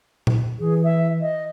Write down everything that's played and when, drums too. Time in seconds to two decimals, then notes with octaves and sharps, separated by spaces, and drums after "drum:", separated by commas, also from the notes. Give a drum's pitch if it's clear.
0.27 drum: tom A#2
0.59 E3 G#4
0.84 E5
1.21 D#5